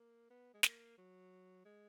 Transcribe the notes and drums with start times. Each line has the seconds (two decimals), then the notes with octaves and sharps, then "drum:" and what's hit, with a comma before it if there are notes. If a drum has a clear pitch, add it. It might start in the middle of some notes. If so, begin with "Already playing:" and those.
Already playing: A#3
0.30 B3
0.54 G#3
0.63 A#3, drum: snare
0.98 F#3
1.65 G#3